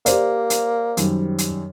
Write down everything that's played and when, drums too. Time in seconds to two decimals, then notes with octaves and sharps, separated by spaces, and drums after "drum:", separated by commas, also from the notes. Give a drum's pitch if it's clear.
0.06 A#3 G4 C5 D5, drum: hi-hat
0.50 drum: hi-hat
0.97 F#2 D#3 G3, drum: hi-hat
1.38 drum: hi-hat